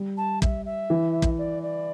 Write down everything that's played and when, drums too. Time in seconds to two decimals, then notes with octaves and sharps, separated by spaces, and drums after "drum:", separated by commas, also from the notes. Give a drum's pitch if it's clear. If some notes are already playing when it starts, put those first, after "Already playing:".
Already playing: G3
0.17 A5
0.42 E5, drum: kick
0.66 E5
0.90 E3
1.22 drum: kick
1.38 D5
1.63 D5